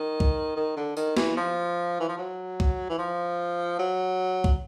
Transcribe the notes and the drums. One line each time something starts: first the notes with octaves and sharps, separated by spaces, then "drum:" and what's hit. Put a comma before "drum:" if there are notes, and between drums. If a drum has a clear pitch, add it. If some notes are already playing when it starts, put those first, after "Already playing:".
Already playing: D#3
drum: kick
D#3
D3
D#3, drum: tambourine
E3, drum: snare
F3
E3
F3
F#3
drum: kick
E3
F3
F#3
drum: kick